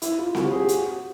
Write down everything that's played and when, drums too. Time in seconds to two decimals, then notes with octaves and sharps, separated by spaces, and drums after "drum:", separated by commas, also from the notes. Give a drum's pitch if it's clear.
0.02 E4, drum: hi-hat
0.19 F4
0.35 F#4, drum: snare C4
0.43 G4
0.51 G#4
0.60 G4
0.68 F#4, drum: hi-hat